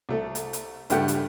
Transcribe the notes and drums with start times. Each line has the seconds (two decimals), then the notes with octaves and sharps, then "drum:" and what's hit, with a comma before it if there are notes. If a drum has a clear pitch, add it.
0.09 C2 A3
0.35 drum: hi-hat
0.53 drum: hi-hat
0.90 C#2 G2 A3 G4 F#5 G5, drum: hi-hat
1.08 drum: hi-hat